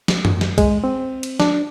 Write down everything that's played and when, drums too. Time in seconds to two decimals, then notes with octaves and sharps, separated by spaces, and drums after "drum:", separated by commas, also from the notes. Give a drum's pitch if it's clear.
0.08 drum: snare
0.25 drum: tom F#2
0.41 drum: snare
0.58 G#3, drum: kick, cymbal
0.84 C4
1.23 drum: cymbal
1.40 D4, drum: snare